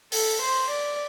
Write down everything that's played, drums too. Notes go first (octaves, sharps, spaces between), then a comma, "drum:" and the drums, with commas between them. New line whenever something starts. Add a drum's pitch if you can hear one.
A4, drum: open hi-hat
C5
D5